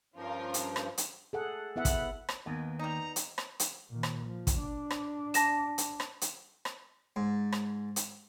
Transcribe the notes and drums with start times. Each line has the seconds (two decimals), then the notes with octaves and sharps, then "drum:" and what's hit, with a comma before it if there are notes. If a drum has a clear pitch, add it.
0.16 G2 F3 C#4 F4 A#4
0.54 drum: hi-hat
0.76 drum: rim click
0.98 drum: hi-hat
1.33 G#4 A4 F#5
1.76 B3 E4 E5 F#5
1.85 drum: kick, hi-hat
2.29 drum: rim click
2.46 D#2 D#3 B3
2.79 G3 D#4 A#5
3.16 drum: hi-hat
3.38 drum: rim click
3.60 drum: hi-hat
3.90 A#2 D#3
4.03 drum: rim click
4.25 F3
4.47 drum: kick, hi-hat
4.59 D4
4.90 drum: rim click
5.34 A5 A#6 E7, drum: hi-hat
5.78 drum: hi-hat
6.00 drum: rim click
6.21 drum: hi-hat
6.65 drum: rim click
7.16 G#2
7.52 drum: rim click
7.96 drum: hi-hat